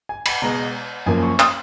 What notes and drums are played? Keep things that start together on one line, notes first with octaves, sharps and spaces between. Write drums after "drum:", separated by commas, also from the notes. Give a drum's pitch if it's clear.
G#5
B5, drum: cymbal
B2 G#3 B3 A#5
F#2 F3 A#3 G#5
C#6
D#6, drum: clap